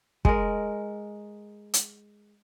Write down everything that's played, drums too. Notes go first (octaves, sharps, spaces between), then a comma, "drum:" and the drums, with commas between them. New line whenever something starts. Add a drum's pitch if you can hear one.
G#3 A#4, drum: kick
drum: hi-hat